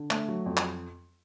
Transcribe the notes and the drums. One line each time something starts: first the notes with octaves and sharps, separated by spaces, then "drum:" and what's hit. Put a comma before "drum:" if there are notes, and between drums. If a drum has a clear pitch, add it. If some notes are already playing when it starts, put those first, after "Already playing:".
Already playing: D3
A3, drum: clap
F#3
F2
drum: clap